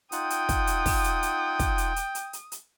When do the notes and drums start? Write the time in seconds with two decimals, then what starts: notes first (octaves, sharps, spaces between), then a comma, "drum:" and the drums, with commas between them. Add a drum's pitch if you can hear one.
0.12 D#4 F4 F#5 G5 D#6, drum: hi-hat
0.30 drum: hi-hat
0.49 drum: kick, hi-hat
0.67 drum: hi-hat
0.86 drum: kick, open hi-hat
1.04 drum: hi-hat
1.23 drum: hi-hat
1.59 drum: kick, hi-hat
1.78 drum: hi-hat
1.96 drum: hi-hat
2.15 drum: hi-hat
2.33 drum: hi-hat
2.52 drum: hi-hat